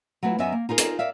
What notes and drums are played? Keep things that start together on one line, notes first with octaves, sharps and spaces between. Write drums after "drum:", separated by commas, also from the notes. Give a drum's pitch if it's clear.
F#3 A3 E4 F4 B4
F#2 F#3 B3 D#5 E5 G#5
A#3
D#4 F4 G#4 A#4
drum: hi-hat
A#4 D5 E5 F5